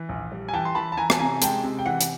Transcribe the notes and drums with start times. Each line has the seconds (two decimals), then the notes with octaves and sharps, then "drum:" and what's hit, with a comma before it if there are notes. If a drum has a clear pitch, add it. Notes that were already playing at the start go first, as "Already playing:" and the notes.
Already playing: E3
0.09 A#1
0.32 G3
0.49 G#5
0.53 E3 G5 A5
0.65 C6
0.75 E3 A5 B5
0.92 A5
0.97 E3 G#5 A#5
1.10 A5, drum: rim click
1.19 C3 G#5 A#5
1.42 G#3 G5 A5, drum: hi-hat
1.64 C3
1.79 G5
1.86 E3 F#5
2.01 drum: hi-hat